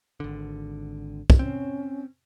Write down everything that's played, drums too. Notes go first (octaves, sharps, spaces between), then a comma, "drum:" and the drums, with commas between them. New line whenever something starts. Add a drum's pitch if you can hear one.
G#1 D3
drum: kick
C4 C#4